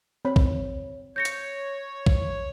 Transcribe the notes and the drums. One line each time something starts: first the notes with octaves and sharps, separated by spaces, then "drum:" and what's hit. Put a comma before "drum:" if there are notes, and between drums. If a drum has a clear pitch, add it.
C4 C#5 B5
drum: kick
C#5 G6 A#6 C#7
drum: hi-hat
drum: kick